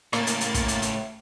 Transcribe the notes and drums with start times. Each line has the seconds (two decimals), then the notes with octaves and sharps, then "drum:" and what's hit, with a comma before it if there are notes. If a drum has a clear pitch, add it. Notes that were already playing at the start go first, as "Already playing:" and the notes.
0.13 A2 C#3 A#3 A6, drum: rim click
0.27 drum: hi-hat
0.41 drum: hi-hat
0.54 drum: kick, hi-hat
0.68 drum: hi-hat
0.82 drum: hi-hat